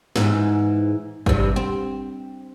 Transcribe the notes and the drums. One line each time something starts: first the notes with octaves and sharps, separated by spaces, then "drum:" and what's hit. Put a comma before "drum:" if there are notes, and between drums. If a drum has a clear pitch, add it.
G#2 E3, drum: snare
G2 C3, drum: kick G#1
C4